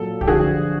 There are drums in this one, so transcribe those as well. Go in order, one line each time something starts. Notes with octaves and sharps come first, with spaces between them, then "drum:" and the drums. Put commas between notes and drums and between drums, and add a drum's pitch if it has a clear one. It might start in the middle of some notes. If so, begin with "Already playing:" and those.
Already playing: A#2 F#3 A#3 A4
G4, drum: kick
G2 D3 F3 F#4 G#4